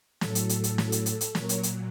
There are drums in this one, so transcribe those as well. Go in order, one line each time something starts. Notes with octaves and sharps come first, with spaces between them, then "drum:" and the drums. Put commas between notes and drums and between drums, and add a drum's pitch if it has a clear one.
A2 F#3 A4, drum: snare
drum: hi-hat
drum: hi-hat
drum: hi-hat
A4, drum: snare
drum: hi-hat
A4, drum: hi-hat
drum: hi-hat
A#2 F#3 A#4 C#5, drum: snare
drum: hi-hat
drum: hi-hat